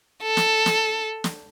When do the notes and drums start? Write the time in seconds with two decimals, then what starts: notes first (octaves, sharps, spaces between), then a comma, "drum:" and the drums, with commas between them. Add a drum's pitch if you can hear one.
0.23 A4
0.37 drum: snare
0.66 drum: snare
1.24 drum: snare